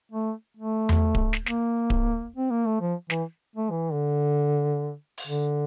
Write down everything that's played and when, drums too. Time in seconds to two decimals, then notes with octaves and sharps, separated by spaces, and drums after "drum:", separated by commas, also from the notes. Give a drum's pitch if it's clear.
0.12 A3
0.57 A3
0.89 drum: tom E2
1.15 drum: kick D1
1.33 drum: snare
1.46 A#3, drum: snare
1.90 drum: kick D1
2.36 C4
2.51 A#3
2.66 A3
2.81 F3
3.10 E3, drum: snare
3.56 A3
3.70 E3
3.93 D3
5.18 drum: open hi-hat
5.27 D3